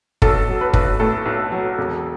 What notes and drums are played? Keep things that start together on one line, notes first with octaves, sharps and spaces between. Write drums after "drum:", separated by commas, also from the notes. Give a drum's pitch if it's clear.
B1 A4, drum: kick
F#3
B4
B1, drum: kick
A2 A4
B1
F#3
E1